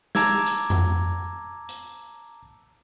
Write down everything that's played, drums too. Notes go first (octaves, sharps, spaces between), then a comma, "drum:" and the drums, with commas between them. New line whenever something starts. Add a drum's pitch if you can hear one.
A5 A#5 D6 E6 G#6, drum: snare
drum: hi-hat
drum: tom F2
drum: hi-hat